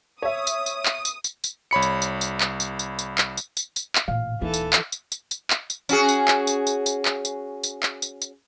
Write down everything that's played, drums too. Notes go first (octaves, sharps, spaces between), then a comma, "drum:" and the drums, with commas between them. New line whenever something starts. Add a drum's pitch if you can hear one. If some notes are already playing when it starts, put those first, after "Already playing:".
C#5 E5 D#6
drum: tambourine
drum: tambourine
drum: clap
drum: tambourine
drum: tambourine
drum: tambourine
C2 C#5 B5 C#7
drum: tambourine
drum: tambourine
drum: tambourine
drum: clap
drum: tambourine
drum: tambourine
drum: tambourine
drum: clap
drum: tambourine
drum: tambourine
drum: tambourine
drum: clap
A1 A#2 F5
D#1 E3 D#4 A4
drum: tambourine
drum: clap
drum: tambourine
drum: tambourine
drum: tambourine
drum: clap
drum: tambourine
C#4 F#4 G#4, drum: tambourine
drum: tambourine
drum: clap
drum: tambourine
drum: tambourine
drum: tambourine
drum: clap
drum: tambourine
drum: tambourine
drum: clap
drum: tambourine
drum: tambourine